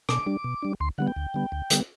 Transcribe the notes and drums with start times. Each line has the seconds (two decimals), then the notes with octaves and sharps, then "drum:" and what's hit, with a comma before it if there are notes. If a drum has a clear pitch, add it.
0.09 B2 D6, drum: rim click
0.26 G3 D4
0.44 B2
0.62 G3 D4
0.80 D2 C6
0.98 D3 G3 B3 F#5
1.07 G5
1.16 D2
1.34 D3 G3 B3
1.52 D2
1.70 D3 G3 B3, drum: hi-hat